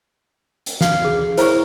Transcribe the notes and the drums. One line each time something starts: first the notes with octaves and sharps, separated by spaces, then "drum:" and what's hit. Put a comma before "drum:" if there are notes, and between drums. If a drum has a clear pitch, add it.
drum: hi-hat
F5, drum: snare
G#4
E4 A#4 C5 C#5 A#5, drum: hi-hat